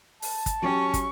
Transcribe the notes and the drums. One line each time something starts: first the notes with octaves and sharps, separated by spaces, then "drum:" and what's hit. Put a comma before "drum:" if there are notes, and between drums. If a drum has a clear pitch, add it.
A5, drum: open hi-hat
drum: kick, hi-hat
F#3 C#4 G4 C#6
drum: kick, hi-hat